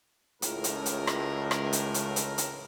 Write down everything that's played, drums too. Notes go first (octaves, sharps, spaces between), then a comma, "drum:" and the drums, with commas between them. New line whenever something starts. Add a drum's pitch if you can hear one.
C#2 A2 A#4, drum: hi-hat
drum: hi-hat
drum: hi-hat
drum: rim click
drum: rim click
drum: hi-hat
drum: hi-hat
drum: hi-hat
drum: hi-hat